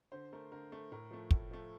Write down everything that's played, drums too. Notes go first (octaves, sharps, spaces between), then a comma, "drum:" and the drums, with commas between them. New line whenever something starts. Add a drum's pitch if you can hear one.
D3 C5
A3 A#4
D3 A#4
A3
A2 A#4
F3 A3
A2, drum: kick
F3 A3